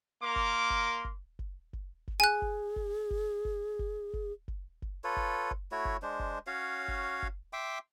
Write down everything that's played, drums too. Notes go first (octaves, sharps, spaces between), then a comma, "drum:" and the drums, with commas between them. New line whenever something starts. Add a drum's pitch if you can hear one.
A#3 A#4 C6 D6
drum: kick F#1
drum: kick F#1
drum: kick F#1
drum: kick F#1
drum: kick F#1
drum: kick F#1
G#4 G#5 F#6
drum: kick F#1
drum: kick F#1
drum: kick F#1
drum: kick F#1
drum: kick F#1
drum: kick F#1
drum: kick F#1
drum: kick F#1
F4 A4 B4 C#5
drum: kick F#1
drum: kick F#1
A3 E4 F#4 C#5
drum: kick F#1
G#3 D4 C5
drum: kick F#1
C#4 F#4 C#5 F5
drum: kick F#1
drum: kick F#1
E5 G5 C6 D6